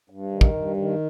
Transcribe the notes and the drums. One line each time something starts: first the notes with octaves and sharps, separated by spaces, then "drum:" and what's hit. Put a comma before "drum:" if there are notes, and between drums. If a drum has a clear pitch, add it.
G2
D#3
drum: kick
G2
D#3